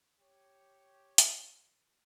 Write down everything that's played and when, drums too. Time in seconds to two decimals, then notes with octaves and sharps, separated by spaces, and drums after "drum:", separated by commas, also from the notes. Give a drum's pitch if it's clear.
0.19 G4 C#5
1.18 drum: hi-hat